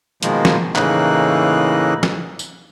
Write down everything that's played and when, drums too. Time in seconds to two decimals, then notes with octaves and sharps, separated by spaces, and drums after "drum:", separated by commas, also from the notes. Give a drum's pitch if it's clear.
0.23 B2 D#3 F3 G#3 A#3, drum: hi-hat
0.45 drum: snare
0.75 A2 C#3 E3 A#3 D#4 F#6, drum: clap
2.03 drum: snare
2.39 drum: tambourine